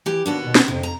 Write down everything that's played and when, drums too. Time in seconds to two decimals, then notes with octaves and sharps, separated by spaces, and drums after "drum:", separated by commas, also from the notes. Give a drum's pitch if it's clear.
0.06 E3 G4
0.26 D#2 B3 D4 F#4
0.44 B2
0.55 drum: snare
0.68 F2 C3
0.83 A#5